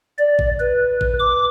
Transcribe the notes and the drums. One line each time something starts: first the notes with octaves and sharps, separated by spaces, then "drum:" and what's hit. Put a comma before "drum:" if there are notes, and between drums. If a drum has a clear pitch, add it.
D5
drum: kick A1
B4
drum: kick A1
D6